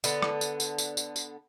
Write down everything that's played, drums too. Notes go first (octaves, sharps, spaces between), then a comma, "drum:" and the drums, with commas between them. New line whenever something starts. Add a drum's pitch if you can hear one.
D3 B3, drum: tambourine
drum: rim click
drum: tambourine
drum: tambourine
drum: tambourine
drum: tambourine
drum: tambourine